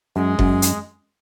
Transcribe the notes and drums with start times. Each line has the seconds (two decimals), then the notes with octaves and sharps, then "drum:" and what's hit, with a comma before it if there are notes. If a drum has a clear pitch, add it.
0.16 F#2 G#3
0.39 F#2, drum: kick F#1
0.62 drum: hi-hat